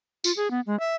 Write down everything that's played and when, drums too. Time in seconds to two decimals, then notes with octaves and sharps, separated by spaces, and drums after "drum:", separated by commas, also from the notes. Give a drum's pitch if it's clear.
0.24 F4, drum: tambourine
0.37 G#4
0.51 B3
0.67 G#3
0.80 E5